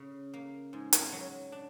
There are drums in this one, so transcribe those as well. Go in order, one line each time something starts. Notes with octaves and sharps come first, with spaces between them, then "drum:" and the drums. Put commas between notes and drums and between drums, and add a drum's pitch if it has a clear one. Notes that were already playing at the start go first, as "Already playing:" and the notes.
Already playing: C#3
A#3
G#2
drum: hi-hat
F#3
D4